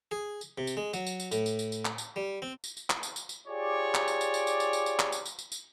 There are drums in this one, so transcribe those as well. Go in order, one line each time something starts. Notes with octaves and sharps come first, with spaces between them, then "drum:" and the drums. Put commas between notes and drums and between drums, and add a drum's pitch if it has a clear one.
G#4
drum: tambourine
C3
drum: tambourine
G#3
F#3, drum: tambourine
drum: tambourine
drum: tambourine
A2, drum: tambourine
drum: tambourine
drum: tambourine
drum: tambourine
drum: clap
drum: tambourine
G3
C4
drum: tambourine
drum: tambourine
drum: clap
drum: tambourine
drum: tambourine
drum: tambourine
F4 G4 G#4 C#5 D5
drum: clap
drum: tambourine
drum: tambourine
drum: tambourine
drum: tambourine
drum: tambourine
drum: tambourine
drum: tambourine
drum: clap
drum: tambourine
drum: tambourine
drum: tambourine
drum: tambourine